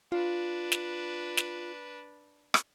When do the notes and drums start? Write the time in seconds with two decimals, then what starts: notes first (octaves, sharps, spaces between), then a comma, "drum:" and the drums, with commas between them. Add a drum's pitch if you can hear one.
0.12 D4 F4 B4
0.72 drum: snare
1.37 drum: snare
2.54 drum: rim click